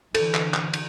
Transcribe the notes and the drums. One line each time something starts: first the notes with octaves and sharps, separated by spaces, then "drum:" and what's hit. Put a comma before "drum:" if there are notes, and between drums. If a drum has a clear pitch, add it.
D3 E3 A4, drum: cymbal
drum: clap
drum: clap
drum: cymbal